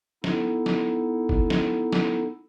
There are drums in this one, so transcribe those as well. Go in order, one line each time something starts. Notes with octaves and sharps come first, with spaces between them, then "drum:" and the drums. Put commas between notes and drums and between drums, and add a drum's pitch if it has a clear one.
B3 D#4 E4 A4, drum: snare
drum: snare
drum: kick
drum: snare
drum: snare